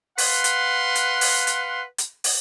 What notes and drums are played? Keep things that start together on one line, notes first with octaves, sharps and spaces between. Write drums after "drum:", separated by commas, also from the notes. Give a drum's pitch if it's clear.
B4 F5 F#5 C6, drum: open hi-hat
drum: hi-hat
drum: hi-hat
drum: open hi-hat
drum: hi-hat
drum: hi-hat
drum: open hi-hat